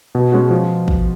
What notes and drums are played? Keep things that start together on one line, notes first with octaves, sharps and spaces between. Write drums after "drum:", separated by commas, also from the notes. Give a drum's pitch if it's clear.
B2
G#3 C#4 F#4
F3
drum: kick